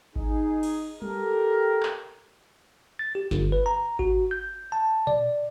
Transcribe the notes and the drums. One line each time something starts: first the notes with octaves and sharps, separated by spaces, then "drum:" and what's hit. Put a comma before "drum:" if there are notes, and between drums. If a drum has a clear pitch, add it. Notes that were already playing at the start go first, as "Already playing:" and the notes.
D#4 G#4, drum: kick G#1
drum: cymbal
G4 A4 A#4, drum: tom G3
drum: clap
A6
G4
G1, drum: snare
B4
A#5
F#4, drum: kick G#1
G6
A5
D5, drum: tom A#2